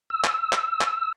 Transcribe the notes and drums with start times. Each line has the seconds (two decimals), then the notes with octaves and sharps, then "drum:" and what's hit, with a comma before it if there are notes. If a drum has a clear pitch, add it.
0.10 E6
0.24 drum: clap
0.53 drum: clap
0.81 drum: clap